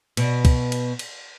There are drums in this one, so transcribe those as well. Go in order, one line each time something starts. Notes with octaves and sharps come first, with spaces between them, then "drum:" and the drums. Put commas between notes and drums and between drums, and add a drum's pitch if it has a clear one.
B2, drum: cymbal
drum: kick, cymbal
drum: cymbal
drum: cymbal